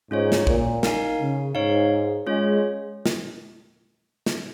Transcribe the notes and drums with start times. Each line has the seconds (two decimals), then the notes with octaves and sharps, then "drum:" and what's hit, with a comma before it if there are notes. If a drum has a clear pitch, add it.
0.11 G#2 C#4 F4 C#5
0.32 drum: snare
0.47 A#2, drum: kick
0.83 D#4 A#4 F5 G#5, drum: snare
1.19 C#3
1.54 G#2 D#4 C#5 F5
2.27 G#3 C#4 F4 C#5
3.06 drum: snare
4.26 drum: snare